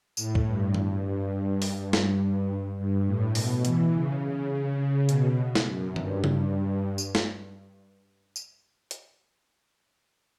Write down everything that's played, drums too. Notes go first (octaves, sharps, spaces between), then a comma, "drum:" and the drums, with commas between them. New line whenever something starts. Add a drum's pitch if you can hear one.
A2, drum: tambourine
drum: kick
G2
G2, drum: tom D#3
G2
G2, drum: open hi-hat
drum: snare
G2
A2
B2, drum: open hi-hat
E3, drum: hi-hat
C#3
C#3
C#3
B2, drum: hi-hat
drum: snare
F#2
G2, drum: tom D#3
drum: tom C#3
drum: tambourine
drum: snare
drum: tambourine
drum: hi-hat